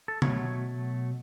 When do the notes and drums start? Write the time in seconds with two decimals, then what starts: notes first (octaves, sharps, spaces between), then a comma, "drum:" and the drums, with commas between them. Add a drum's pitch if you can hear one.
0.08 A4
0.22 B2 F#3 A3 C#5, drum: tom C3